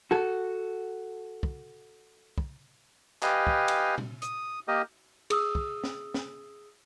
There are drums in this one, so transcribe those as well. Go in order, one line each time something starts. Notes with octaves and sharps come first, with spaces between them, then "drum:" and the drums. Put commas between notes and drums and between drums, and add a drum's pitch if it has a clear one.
F#4 A4
drum: kick
drum: kick
G4 B4 D#5 F5 G5 G#5, drum: clap
drum: kick
drum: cymbal
drum: tom A#2
D#6, drum: hi-hat
A#3 G4 A#4 D#5
G#4 D#6 E6, drum: cymbal
drum: kick
drum: snare
drum: snare